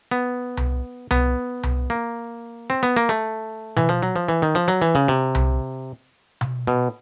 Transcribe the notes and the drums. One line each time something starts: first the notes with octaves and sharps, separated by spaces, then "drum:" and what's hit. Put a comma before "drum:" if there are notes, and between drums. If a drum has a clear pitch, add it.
B3
drum: tom C2
B3, drum: tom C2
drum: tom C2
A#3
C4
B3
A#3
A3
E3, drum: tom B2
F3
F#3
F3
E3
D#3
F3
F#3
E3
C#3
C3
drum: tom C2
drum: tom B2
B2